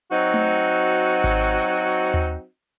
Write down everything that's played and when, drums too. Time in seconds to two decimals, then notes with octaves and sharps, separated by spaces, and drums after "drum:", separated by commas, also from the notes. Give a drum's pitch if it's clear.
0.11 F#3 C4 D#4 F#4
0.34 drum: tom A3
1.24 drum: kick G#1
2.14 drum: tom D#2